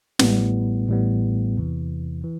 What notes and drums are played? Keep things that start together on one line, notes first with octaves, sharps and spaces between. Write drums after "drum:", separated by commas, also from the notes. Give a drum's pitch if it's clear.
A1 A2 G3 B3, drum: snare
A1 A2 G3 B3
E2 C3 E3
E3